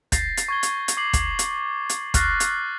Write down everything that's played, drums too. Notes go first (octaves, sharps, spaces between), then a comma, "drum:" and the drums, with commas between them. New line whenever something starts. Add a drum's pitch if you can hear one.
G6 A6 A#6 C7, drum: kick, hi-hat
drum: hi-hat
C#6 G#6 G7
drum: hi-hat
drum: hi-hat
D6 C7 F#7
drum: kick, hi-hat
drum: hi-hat
drum: hi-hat
C#6 F6 F#6 A6 A#6 C7, drum: kick, hi-hat
drum: hi-hat